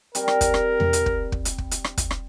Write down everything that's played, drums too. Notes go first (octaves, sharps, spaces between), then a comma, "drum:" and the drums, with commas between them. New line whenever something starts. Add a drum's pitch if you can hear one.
G3 C4 A#4, drum: hi-hat
drum: rim click
drum: kick, hi-hat
drum: rim click
drum: tom E2
drum: hi-hat
drum: kick
drum: kick
drum: hi-hat
drum: kick
drum: hi-hat
drum: rim click
drum: kick, hi-hat
drum: rim click